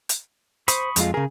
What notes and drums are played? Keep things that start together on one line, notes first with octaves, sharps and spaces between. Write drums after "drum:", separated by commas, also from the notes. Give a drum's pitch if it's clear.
drum: hi-hat
C5 B5 C#6 D#6, drum: hi-hat
F2 G#3 F4, drum: hi-hat
C#3 G#4 A#4